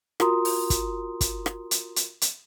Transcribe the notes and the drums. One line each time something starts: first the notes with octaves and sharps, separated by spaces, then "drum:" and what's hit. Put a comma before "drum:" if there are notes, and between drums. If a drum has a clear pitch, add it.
F4 F#4 A#4 A#5 C6 D#6, drum: rim click
drum: open hi-hat
drum: kick, hi-hat
drum: kick, hi-hat
drum: rim click
drum: hi-hat
drum: hi-hat
drum: hi-hat